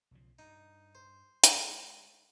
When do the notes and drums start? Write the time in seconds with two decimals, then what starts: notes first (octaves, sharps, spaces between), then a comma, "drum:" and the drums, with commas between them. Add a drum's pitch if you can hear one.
0.11 B1 C#3 F3
0.39 G2 D#4
0.95 C5
1.44 drum: hi-hat
1.55 G#3